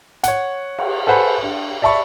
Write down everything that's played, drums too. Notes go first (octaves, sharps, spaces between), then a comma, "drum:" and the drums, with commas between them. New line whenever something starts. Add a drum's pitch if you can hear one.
C#5 F#5, drum: hi-hat
drum: cymbal
A4 B4 C5 F#5 G#5 B5
D4
D5 E5 A5 B5 C#6